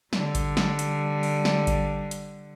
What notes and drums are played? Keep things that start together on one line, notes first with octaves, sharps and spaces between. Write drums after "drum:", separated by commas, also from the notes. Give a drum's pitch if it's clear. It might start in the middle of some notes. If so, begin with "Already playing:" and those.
D3 G3, drum: snare
drum: kick A1, hi-hat
drum: snare
drum: hi-hat
drum: open hi-hat
drum: snare
drum: kick A1, hi-hat
drum: hi-hat